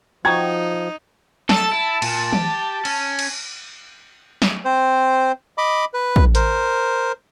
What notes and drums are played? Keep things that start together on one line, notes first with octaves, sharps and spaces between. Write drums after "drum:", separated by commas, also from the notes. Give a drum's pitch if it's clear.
F3 D#4 F#4 G5 A#5 G#6
A4 A5, drum: snare
E4
A#2, drum: cymbal
G4, drum: tom
C#4, drum: cymbal
drum: cymbal
drum: snare
C4 C5
D#5 B5 D6
B4
drum: kick
A#4 C5, drum: hi-hat